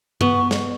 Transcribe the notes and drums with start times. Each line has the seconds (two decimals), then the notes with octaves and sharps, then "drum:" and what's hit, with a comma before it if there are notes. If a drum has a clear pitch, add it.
0.21 B3 C#6, drum: tom G2
0.51 drum: snare